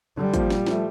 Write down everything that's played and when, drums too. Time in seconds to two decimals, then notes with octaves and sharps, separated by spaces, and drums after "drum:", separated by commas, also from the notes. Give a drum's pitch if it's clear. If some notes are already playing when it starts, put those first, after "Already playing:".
0.17 D3 G3
0.34 F3 A#3, drum: kick, hi-hat
0.50 A#2, drum: snare
0.66 F3 A3, drum: snare